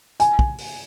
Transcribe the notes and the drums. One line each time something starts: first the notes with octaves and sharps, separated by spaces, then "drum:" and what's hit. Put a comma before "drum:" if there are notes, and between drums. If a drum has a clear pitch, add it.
G#5, drum: hi-hat
drum: kick
drum: open hi-hat